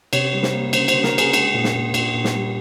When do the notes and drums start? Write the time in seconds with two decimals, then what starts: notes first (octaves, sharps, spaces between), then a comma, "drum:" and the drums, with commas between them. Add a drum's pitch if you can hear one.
0.13 C3 C#5, drum: cymbal
0.33 G3
0.43 C5, drum: snare
0.53 A#3
0.73 C#3 C5, drum: cymbal
0.88 C#3 C5, drum: cymbal
1.03 A#4, drum: snare
1.13 C#3
1.18 G#4, drum: cymbal
1.33 G#3, drum: cymbal
1.54 A#2
1.64 drum: snare
1.75 A#2
1.94 A#2, drum: cymbal
2.14 A#2
2.24 drum: snare
2.35 G3